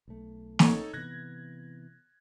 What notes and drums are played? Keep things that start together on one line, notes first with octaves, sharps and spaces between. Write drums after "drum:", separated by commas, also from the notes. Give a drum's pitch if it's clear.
B1 A3
D#4 A4 C#5, drum: snare
C3 E3 B3 F#6 G#6 A#6